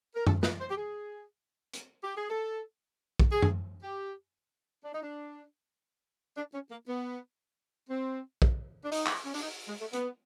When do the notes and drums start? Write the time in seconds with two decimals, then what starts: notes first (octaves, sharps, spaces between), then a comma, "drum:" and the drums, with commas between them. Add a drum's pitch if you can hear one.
0.16 A#4
0.27 A4, drum: tom F#2
0.43 B4, drum: snare
0.60 C5
0.70 G4
0.77 G#4
1.74 drum: hi-hat
2.03 G4
2.17 G#4
2.30 A4
3.20 drum: kick
3.32 G#4
3.42 drum: tom F#2
3.83 G4
4.84 D4
4.94 D#4
5.03 D4
6.37 D4
6.54 C#4
6.71 A#3
6.88 B3
7.90 C4
8.42 drum: kick
8.85 D4
8.92 D#4, drum: open hi-hat
9.06 drum: clap
9.25 C#4
9.34 D4, drum: open hi-hat
9.42 D#4
9.68 G#3
9.81 A3
9.93 B3, drum: hi-hat